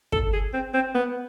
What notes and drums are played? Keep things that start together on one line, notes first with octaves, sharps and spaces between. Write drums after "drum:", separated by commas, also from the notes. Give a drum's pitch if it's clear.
A4, drum: kick
G#4
C4
C4
B3